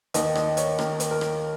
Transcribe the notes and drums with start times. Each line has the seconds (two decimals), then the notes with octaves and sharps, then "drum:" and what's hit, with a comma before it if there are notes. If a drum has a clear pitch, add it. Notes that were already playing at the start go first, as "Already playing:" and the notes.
0.14 D#2 D#3 D#5, drum: hi-hat
0.35 D#5, drum: rim click
0.57 C#5, drum: hi-hat
0.79 D#2 D#3 A#4, drum: rim click
1.00 drum: hi-hat
1.11 A#4
1.21 drum: rim click